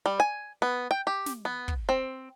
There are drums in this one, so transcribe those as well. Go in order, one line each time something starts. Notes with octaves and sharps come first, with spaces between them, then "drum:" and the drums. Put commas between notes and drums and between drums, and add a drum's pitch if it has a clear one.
G3
G#5
B3
G5
G4
drum: snare
B3
drum: kick
C4